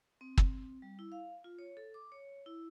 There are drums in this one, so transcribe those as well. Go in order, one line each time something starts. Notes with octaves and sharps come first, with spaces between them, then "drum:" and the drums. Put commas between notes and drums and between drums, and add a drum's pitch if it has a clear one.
C4
drum: kick
G3
E4
F5
F4
C#5
A4
D6
C#5
E4